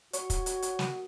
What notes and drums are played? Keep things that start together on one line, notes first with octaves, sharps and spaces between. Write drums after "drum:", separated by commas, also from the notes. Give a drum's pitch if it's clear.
F#4 C#5, drum: hi-hat
drum: kick, hi-hat
drum: hi-hat
drum: hi-hat
drum: snare